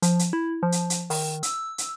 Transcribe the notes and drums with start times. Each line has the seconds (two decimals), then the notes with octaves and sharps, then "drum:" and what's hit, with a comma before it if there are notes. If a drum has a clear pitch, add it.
0.02 F3, drum: hi-hat
0.19 drum: hi-hat
0.33 E4
0.63 F3
0.72 drum: hi-hat
0.90 drum: hi-hat
1.10 D#3, drum: open hi-hat
1.43 E6, drum: hi-hat
1.78 drum: hi-hat